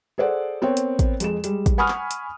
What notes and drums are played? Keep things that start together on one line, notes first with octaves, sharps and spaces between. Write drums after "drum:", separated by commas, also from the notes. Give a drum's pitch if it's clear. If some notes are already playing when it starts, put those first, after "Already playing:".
G#4 A4 C5 D5 F#5
B3 C4 A#4 C#5 G5
drum: hi-hat
drum: kick, hi-hat
F2 G#3 E7, drum: hi-hat
G3 G#3, drum: hi-hat
drum: kick, hi-hat
F#5 G#5 B5 C#6 D#6 F6
drum: clap
drum: hi-hat